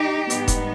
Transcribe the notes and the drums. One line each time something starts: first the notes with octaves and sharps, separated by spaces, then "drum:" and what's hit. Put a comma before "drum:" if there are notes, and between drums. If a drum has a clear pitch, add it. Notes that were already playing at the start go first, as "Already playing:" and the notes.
Already playing: D#4 G4
G#2 D#3 G3 B3 D#4, drum: hi-hat
drum: kick E1, hi-hat